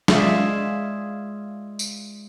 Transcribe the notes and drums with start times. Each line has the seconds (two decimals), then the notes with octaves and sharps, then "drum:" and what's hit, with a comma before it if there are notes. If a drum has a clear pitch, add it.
0.08 G#3 F4 G#4 D5 E5 F5, drum: snare
1.79 drum: tambourine